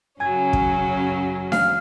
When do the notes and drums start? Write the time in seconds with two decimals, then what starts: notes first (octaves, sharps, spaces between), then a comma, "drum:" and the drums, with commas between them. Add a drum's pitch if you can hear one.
0.20 F#2 C#3 F#3 C#4 G#5 G#6
0.53 drum: kick
1.52 F5 F6, drum: snare D4